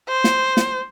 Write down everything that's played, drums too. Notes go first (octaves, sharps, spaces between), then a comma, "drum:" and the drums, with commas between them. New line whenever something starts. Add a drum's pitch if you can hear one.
C5
drum: snare
drum: snare